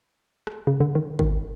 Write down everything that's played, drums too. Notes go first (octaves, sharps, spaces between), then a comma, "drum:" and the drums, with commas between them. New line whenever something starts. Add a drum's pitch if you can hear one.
drum: rim click
C#3
D3
D#3
D#3, drum: kick G#1